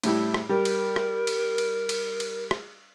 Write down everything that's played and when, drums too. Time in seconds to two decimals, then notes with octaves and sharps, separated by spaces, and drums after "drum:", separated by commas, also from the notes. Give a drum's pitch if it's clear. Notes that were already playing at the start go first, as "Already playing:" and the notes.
0.03 A2 G3 E4, drum: cymbal
0.34 drum: rim click
0.49 G3 A#4
0.65 drum: cymbal
0.96 drum: rim click
1.27 drum: cymbal
1.58 drum: cymbal
1.89 drum: cymbal
2.20 drum: cymbal
2.51 drum: rim click